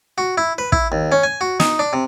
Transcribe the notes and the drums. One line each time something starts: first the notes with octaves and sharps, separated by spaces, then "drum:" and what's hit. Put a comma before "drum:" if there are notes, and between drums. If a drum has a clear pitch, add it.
F#4
E4
B4
E4, drum: kick
D#2
C#4
G#5
F#4
D#4, drum: snare
D4
C3